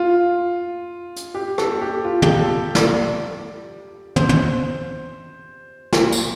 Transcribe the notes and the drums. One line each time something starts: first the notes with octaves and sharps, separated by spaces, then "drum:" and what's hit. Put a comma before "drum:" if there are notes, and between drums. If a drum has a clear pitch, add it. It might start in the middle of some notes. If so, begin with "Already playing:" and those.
Already playing: F4
drum: hi-hat
G4
A4, drum: rim click
G4
F4
G4, drum: tom
A4
D5, drum: snare
C5, drum: tom
drum: tom
drum: snare
drum: tambourine